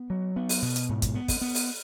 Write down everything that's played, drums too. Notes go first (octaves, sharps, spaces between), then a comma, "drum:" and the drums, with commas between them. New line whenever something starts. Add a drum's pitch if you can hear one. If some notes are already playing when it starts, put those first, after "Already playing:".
Already playing: B3
F#3
B3
drum: open hi-hat
B2
drum: hi-hat
G#2
drum: kick, hi-hat
B3
drum: kick, open hi-hat
B3
drum: open hi-hat